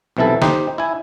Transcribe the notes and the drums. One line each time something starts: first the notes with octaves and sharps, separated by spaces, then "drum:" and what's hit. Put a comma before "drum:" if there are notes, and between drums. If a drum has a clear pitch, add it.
B1 C3 E3 E4 A4
D#4 G4 C5, drum: snare
E4 G#5